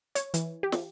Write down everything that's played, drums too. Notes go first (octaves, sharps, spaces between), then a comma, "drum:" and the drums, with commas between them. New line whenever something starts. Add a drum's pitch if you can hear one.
C#5, drum: hi-hat
E3, drum: hi-hat
G4
drum: snare